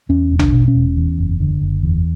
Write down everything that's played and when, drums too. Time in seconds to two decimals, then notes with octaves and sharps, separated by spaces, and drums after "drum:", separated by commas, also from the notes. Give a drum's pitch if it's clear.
0.09 E2 C#4
0.31 E1
0.39 D4, drum: tom A#1
0.53 B2
0.68 C#4
0.75 E1
0.97 E2
1.18 F#1
1.40 D3
1.61 F#1
1.83 E2